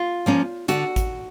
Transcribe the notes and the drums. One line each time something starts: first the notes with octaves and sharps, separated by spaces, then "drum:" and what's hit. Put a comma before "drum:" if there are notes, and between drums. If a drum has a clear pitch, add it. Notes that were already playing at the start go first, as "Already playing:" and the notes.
Already playing: F4
F3 A#3 C#4
D3 F#4, drum: hi-hat
drum: kick G#1, hi-hat